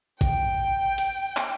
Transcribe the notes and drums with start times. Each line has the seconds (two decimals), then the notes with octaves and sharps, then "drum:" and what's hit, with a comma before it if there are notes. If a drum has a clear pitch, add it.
0.21 G5, drum: kick, hi-hat
0.98 drum: hi-hat
1.37 drum: clap